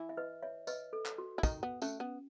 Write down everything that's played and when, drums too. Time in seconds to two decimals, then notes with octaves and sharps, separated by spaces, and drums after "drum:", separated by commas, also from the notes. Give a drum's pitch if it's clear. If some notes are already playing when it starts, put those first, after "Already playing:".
Already playing: E3 E4
0.09 E5
0.17 B4 D#5
0.43 C#5 E5
0.67 B4 D#5, drum: tambourine
0.93 A4
1.06 drum: clap
1.18 F#4
1.38 E4
1.43 D#3 D#4, drum: kick, tambourine
1.63 B3
1.82 A3 C#4, drum: tambourine
2.00 B3